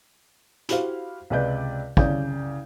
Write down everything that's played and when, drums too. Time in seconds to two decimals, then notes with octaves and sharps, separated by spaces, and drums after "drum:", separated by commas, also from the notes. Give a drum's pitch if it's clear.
0.69 E4 F#4 G4 C5 F5, drum: hi-hat
1.30 C#2 C3 B4 D5 G6
1.97 C2 C#3 C#4 D5 G6, drum: kick